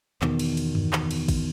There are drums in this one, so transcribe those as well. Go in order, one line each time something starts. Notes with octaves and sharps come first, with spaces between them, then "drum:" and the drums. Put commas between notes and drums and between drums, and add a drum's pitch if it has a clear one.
E2 B2 D#3, drum: clap
drum: cymbal
drum: cymbal
drum: tom F#2
drum: clap
drum: cymbal
drum: kick, cymbal